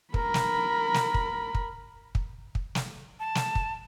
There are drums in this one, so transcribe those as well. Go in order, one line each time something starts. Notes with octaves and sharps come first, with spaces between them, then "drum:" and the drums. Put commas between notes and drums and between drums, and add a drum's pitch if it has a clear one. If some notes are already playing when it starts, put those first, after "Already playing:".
A#4 B5, drum: kick
drum: snare
drum: snare
drum: kick
drum: kick
drum: kick
drum: kick
drum: snare
A5
drum: snare
drum: kick